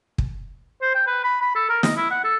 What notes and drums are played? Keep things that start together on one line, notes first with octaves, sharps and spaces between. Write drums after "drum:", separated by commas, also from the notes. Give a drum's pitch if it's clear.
drum: kick
C5
G5
B4
B5
B5
A4
A#4
D#5, drum: snare
E4
F#5
A4